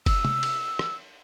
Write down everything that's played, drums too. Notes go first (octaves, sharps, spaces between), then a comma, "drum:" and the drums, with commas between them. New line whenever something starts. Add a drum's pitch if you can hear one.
E6, drum: kick F#1, cymbal
drum: tom C3
drum: cymbal
drum: rim click